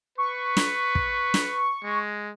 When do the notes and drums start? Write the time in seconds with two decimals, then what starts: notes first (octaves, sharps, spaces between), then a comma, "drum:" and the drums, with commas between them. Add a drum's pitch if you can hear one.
0.18 B4 C#6
0.57 drum: snare
0.95 drum: kick
1.34 drum: snare
1.83 G#3